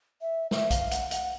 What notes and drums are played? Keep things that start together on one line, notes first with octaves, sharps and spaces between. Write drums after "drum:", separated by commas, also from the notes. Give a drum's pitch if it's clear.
E5
E5, drum: snare
F5, drum: kick B1, hi-hat
F#5, drum: hi-hat
F#5, drum: hi-hat